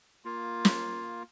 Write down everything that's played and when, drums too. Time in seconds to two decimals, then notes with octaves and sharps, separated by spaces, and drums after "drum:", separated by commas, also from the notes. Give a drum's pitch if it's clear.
0.25 A#3 F4
0.65 drum: snare